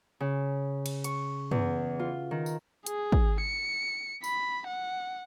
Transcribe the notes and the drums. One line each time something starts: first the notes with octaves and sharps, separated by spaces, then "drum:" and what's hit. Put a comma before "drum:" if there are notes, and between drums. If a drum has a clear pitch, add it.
C#3
drum: cymbal
C#6, drum: hi-hat
E2, drum: tom
F4
D#3
drum: tambourine
G#4, drum: hi-hat
drum: kick
C#7
B5, drum: tambourine
F#5